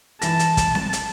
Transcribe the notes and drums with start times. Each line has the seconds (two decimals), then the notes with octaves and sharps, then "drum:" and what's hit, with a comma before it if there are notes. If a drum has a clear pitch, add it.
0.22 E3 A5 A#6, drum: hi-hat
0.39 drum: hi-hat
0.57 drum: kick, hi-hat
0.75 drum: snare C4
0.93 drum: hi-hat